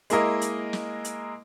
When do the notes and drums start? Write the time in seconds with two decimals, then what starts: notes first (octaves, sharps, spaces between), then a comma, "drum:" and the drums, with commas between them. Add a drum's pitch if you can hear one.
0.10 G#3 A#3 E4 A#4 D#5, drum: hi-hat
0.41 drum: hi-hat
0.73 drum: snare
1.05 drum: hi-hat